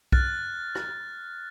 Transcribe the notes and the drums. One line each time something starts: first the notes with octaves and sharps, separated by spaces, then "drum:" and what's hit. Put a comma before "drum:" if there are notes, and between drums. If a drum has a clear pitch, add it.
F6 F#6 A6, drum: kick
drum: rim click